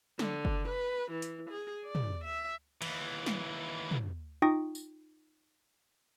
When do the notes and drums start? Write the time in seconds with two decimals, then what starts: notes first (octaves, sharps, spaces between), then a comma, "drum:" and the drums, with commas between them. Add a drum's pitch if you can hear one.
0.19 D3, drum: snare
0.45 drum: kick F#1
0.68 B4
1.11 E3
1.22 drum: hi-hat
1.50 G#4
1.85 D5
1.95 drum: tom
2.24 E5
2.82 D#2 E3, drum: cymbal
3.26 drum: snare
3.91 drum: tom
4.42 D#4 F4 G5 C#6 D#6 A#6
4.75 drum: tambourine